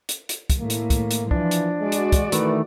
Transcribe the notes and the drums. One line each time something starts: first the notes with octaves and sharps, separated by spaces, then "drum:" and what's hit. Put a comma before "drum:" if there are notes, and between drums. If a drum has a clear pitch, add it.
drum: hi-hat
drum: hi-hat
drum: kick, hi-hat
A2 A#3
drum: hi-hat
drum: kick, hi-hat
drum: hi-hat
E3 F3 D4, drum: kick
drum: hi-hat
G#3 F#4 D5
drum: hi-hat
drum: kick, hi-hat
D#3 E3 A3 B4, drum: hi-hat